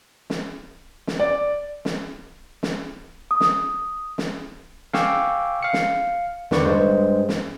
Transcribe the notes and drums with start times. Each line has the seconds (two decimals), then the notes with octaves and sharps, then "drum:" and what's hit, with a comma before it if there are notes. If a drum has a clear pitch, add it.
0.30 drum: snare
1.07 drum: snare
1.20 D5
1.85 drum: snare
2.63 drum: snare
3.31 D#6
3.40 drum: snare
4.18 drum: snare
4.93 F5 G5 G#5 C#6 D6 E6, drum: snare
5.63 F5 C#7
5.73 drum: snare
6.51 E2 D3 D#3 B4 D5 C#6, drum: snare
6.65 G2 G#3 C5
7.29 drum: snare